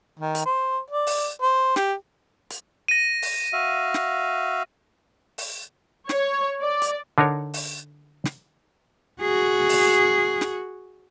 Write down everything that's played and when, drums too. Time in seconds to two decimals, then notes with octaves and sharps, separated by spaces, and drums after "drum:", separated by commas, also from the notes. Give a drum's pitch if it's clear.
0.19 D#3
0.35 drum: hi-hat
0.45 C5
0.90 D5
1.07 drum: open hi-hat
1.42 C5
1.76 G4, drum: snare
2.50 drum: hi-hat
2.88 A#6 D#7
3.22 drum: open hi-hat
3.53 F#4 E5 F5
3.94 drum: snare
5.38 drum: open hi-hat
6.09 C#5, drum: snare
6.61 D5
6.82 drum: hi-hat
7.18 D3 D4 D#4 A#4 C#5
7.54 drum: open hi-hat
8.25 drum: snare
9.22 F#4 G#4
9.69 drum: open hi-hat
10.41 drum: snare